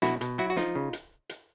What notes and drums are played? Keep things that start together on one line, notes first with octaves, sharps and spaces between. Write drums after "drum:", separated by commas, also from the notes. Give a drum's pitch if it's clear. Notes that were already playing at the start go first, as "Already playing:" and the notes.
B2 E4 F#4, drum: snare
B2, drum: hi-hat
F#3 E4 F#4
F#4
F3 D#4 F4, drum: snare
C#3
drum: hi-hat
drum: hi-hat